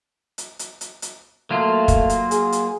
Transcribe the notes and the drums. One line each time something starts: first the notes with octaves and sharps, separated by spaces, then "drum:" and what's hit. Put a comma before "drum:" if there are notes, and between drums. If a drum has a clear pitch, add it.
drum: hi-hat
drum: hi-hat
drum: hi-hat
drum: hi-hat
F#3 A3 A#3 F4
drum: kick, hi-hat
drum: hi-hat
G#4, drum: hi-hat
drum: hi-hat